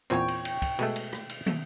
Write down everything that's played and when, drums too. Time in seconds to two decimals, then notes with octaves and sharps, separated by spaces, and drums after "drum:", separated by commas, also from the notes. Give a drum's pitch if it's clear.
0.10 E2 A#2 C4 C#5 G5
0.28 drum: cymbal
0.45 drum: cymbal
0.62 drum: kick, cymbal
0.79 B2 G#3 A3, drum: cymbal
0.96 drum: cymbal
1.13 drum: rim click
1.29 drum: cymbal
1.46 drum: tom